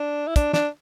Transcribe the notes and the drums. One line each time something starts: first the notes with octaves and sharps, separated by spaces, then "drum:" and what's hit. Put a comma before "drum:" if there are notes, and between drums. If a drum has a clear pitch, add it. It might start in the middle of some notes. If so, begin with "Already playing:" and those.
Already playing: D4
E4
D4, drum: kick, hi-hat
D4, drum: snare